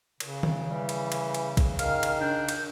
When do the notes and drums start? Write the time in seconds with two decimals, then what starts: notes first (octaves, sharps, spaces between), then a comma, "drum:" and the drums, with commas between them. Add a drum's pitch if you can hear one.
0.20 C#3, drum: cymbal
0.43 drum: tom D#3
0.70 E3 G3
0.89 drum: cymbal
1.12 drum: cymbal
1.34 drum: cymbal
1.57 drum: kick A#1, cymbal
1.79 D#3 F5 F6, drum: cymbal
2.03 drum: cymbal
2.21 D4 G6
2.49 drum: cymbal